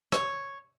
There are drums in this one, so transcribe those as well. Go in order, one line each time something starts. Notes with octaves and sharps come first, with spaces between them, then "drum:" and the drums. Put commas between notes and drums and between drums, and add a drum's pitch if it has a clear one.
C#5, drum: rim click